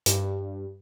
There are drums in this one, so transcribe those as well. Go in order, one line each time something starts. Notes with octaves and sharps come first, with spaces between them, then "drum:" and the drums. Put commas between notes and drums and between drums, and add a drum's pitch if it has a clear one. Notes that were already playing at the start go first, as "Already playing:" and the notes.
G2, drum: hi-hat